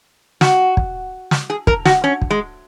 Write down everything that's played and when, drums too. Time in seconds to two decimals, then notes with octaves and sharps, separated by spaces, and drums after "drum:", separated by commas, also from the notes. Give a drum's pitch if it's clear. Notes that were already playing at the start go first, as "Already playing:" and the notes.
0.41 F#4, drum: snare
0.77 drum: kick
1.31 drum: snare
1.50 G#4
1.67 A#4, drum: kick
1.85 F#4, drum: snare
2.04 C#4
2.22 drum: kick
2.31 G#3